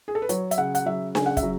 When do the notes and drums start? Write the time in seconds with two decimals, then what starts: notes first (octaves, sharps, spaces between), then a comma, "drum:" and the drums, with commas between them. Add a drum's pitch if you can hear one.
0.08 G#4
0.15 A4
0.22 B4
0.29 F#3 C#5, drum: hi-hat
0.51 E5, drum: hi-hat
0.58 C#3 F#5
0.75 F#5, drum: hi-hat
0.86 F#3 E5
1.15 C#3 G#5, drum: snare D4
1.26 F#5
1.37 E5, drum: kick, hi-hat
1.43 F#3